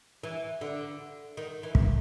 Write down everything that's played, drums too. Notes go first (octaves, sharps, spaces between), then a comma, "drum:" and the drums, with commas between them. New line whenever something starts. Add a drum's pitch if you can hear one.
E3
D3
D#3
E3
drum: kick